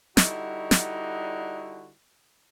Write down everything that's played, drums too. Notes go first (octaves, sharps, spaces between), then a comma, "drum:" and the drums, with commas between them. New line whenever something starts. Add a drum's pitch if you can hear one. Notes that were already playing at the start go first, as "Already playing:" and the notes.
D3 G3 D#4 E4 F#4, drum: snare
drum: snare